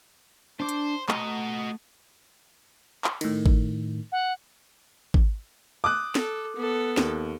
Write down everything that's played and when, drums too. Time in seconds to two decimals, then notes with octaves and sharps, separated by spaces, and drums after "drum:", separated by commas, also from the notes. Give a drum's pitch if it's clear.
0.60 D4 C5 D6
0.69 drum: hi-hat
1.09 A3 F#4 D#5 A#5, drum: clap
3.04 drum: clap
3.21 A2 D#3, drum: cymbal
3.46 drum: kick G#1
4.12 F#5
5.14 drum: kick G#1
5.84 D6 D#6 F#6
6.15 A4, drum: snare
6.56 B3 A4
6.97 D#2, drum: snare